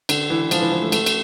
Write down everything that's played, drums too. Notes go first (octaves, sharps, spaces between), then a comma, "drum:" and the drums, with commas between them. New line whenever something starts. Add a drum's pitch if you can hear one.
D3, drum: cymbal
E3
F3, drum: cymbal
E3
F3
A3
A3, drum: cymbal
drum: cymbal